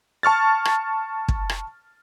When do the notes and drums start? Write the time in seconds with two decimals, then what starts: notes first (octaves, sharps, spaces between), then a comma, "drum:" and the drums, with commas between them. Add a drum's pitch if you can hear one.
0.23 A5 C#6 F6 A6
0.65 drum: rim click
1.28 drum: kick
1.49 drum: rim click